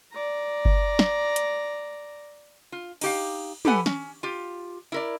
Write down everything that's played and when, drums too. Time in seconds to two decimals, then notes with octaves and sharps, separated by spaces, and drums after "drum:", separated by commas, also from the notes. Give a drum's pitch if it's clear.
0.13 D5 A#5
0.65 drum: kick G1
0.99 drum: snare
1.36 drum: hi-hat
2.72 F4
3.01 D#4 G4 F5, drum: cymbal
3.65 G4 A4 B4 F#5 G#5, drum: tom
3.86 C#4, drum: snare
4.23 F4 G4
4.92 E4 A#4 D5